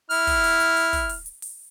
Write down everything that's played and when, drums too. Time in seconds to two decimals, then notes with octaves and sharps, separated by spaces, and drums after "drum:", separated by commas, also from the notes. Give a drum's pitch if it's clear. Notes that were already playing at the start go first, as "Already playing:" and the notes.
0.11 E4 F6, drum: open hi-hat
0.27 drum: kick, open hi-hat
0.44 drum: open hi-hat
0.60 drum: hi-hat
0.76 drum: open hi-hat
0.93 drum: kick, open hi-hat
1.09 drum: open hi-hat
1.26 drum: hi-hat
1.42 drum: open hi-hat